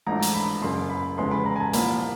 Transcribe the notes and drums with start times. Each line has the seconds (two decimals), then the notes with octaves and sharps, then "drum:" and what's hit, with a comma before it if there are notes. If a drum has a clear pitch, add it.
0.06 A1 G#2 F3 A3 D4 A#5
0.22 drum: hi-hat
0.34 B5
0.61 F#1 F#2 C#3 C6
0.90 B5
1.18 F1 E2 C#3 E3 G#3 C6
1.31 B5
1.46 A#5
1.56 G#5
1.60 A5
1.73 C2 A#2 F3 A#3 B5, drum: hi-hat